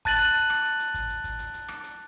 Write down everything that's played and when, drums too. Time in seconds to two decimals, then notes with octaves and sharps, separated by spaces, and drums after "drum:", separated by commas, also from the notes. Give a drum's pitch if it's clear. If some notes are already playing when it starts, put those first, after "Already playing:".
0.05 A5 F#6 A6 D#7 F#7, drum: kick, hi-hat
0.20 drum: hi-hat
0.35 drum: hi-hat
0.50 drum: rim click
0.65 drum: hi-hat
0.79 drum: hi-hat
0.94 drum: kick, hi-hat
1.09 drum: hi-hat
1.24 drum: kick, hi-hat
1.39 drum: hi-hat
1.54 drum: hi-hat
1.68 drum: rim click
1.83 drum: hi-hat